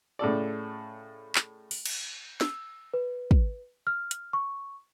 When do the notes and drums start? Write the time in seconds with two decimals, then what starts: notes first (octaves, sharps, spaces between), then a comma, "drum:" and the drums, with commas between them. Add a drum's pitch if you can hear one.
0.19 A2 C#3 A4 D5
1.35 drum: clap
1.71 drum: open hi-hat
1.86 drum: cymbal
2.41 E6, drum: snare
2.94 B4
3.31 drum: kick
3.87 F6
4.11 drum: hi-hat
4.33 C#6